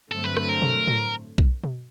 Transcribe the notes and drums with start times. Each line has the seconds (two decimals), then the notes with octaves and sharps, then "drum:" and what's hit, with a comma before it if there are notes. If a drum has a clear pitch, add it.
0.11 G2 D3 F#3 A3 C4 A4
0.24 B4
0.37 B4, drum: rim click
0.49 A#4
0.62 drum: tom B2
0.87 drum: tom A2
1.38 drum: kick B1
1.64 drum: tom B2